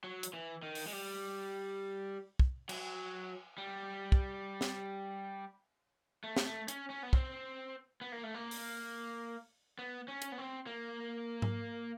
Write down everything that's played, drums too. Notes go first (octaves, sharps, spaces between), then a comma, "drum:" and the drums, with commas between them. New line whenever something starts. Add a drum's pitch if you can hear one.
F#3
drum: hi-hat
E3
D#3
drum: open hi-hat
G#3
G3
drum: kick
F#3, drum: cymbal
G3
drum: kick
drum: snare
A3
drum: snare
A3
C#4, drum: hi-hat
C#4
B3
C4, drum: kick
B3
A#3
A3
A#3
drum: open hi-hat
B3
C#4
drum: hi-hat
B3
C4
A#3
drum: tom G#2